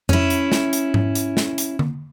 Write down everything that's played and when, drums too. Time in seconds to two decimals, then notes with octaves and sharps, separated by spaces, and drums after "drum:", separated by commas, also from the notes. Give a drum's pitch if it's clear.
0.09 C#4 E4, drum: tom F2
0.30 drum: hi-hat
0.52 drum: snare
0.73 drum: hi-hat
0.94 drum: tom G#2
1.15 drum: hi-hat
1.37 drum: snare
1.58 drum: hi-hat
1.79 drum: tom D3